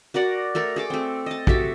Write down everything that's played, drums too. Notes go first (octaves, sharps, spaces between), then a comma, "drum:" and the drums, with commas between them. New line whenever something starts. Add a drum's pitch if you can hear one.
F#4 A#4 D5 F#5
A3 A4 A#4
G#4 A4 D6
A3 C4
D#5 A5
F#4 G4 A4 E5, drum: kick